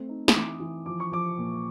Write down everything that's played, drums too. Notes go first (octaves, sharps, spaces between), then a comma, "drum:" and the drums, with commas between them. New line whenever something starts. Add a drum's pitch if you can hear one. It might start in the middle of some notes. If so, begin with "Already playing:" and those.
Already playing: A3 C4
D#4
D#6, drum: snare
E3 D6
E3
F3 D6
C#6
F3 D6
A#2